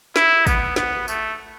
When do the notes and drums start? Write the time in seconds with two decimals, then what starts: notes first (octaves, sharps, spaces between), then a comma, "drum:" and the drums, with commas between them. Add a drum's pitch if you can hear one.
0.16 E4, drum: snare
0.47 B3, drum: kick, tambourine
0.76 B3, drum: snare
1.08 A3, drum: tambourine